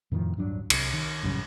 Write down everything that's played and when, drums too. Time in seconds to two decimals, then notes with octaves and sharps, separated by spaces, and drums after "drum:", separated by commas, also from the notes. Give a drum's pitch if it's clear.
0.12 F2 A2 D#3 F3
0.37 D1 G2 F#3 D4
0.70 C2, drum: cymbal
0.93 D#3
1.23 A1 F#2 C#3 G3